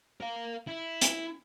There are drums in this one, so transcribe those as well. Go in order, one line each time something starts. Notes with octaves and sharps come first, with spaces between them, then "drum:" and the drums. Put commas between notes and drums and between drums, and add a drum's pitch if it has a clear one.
A#4 F5
E4
drum: hi-hat